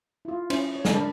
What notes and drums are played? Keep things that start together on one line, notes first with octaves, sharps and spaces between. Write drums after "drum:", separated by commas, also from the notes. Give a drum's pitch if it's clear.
E4 F4
C#4 E4 C5 C6, drum: cymbal
C#5
drum: snare
D4 A#4 A5 B5